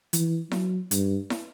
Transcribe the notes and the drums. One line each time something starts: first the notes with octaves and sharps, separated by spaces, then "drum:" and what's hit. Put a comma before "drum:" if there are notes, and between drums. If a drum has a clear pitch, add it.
E3, drum: hi-hat
F#3, drum: snare E4
G2, drum: hi-hat
drum: snare E4